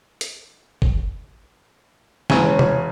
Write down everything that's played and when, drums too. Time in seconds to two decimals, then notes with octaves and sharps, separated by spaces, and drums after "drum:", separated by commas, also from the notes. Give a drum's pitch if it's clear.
0.21 drum: hi-hat
0.82 drum: kick
2.30 E1 C#3 C#5 G#5, drum: snare
2.59 drum: tom C3